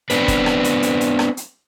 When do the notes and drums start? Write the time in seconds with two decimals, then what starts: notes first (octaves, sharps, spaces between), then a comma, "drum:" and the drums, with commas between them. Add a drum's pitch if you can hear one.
0.10 B3 C4 D4 B4, drum: hi-hat
0.28 drum: kick, hi-hat
0.46 drum: rim click
0.64 drum: hi-hat
0.83 drum: hi-hat
1.01 drum: hi-hat
1.19 drum: rim click
1.37 drum: hi-hat